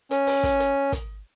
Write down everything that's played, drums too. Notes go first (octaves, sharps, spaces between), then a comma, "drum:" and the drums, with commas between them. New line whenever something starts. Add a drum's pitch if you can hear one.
C#4, drum: hi-hat
drum: open hi-hat
drum: kick, hi-hat
drum: hi-hat
drum: kick, hi-hat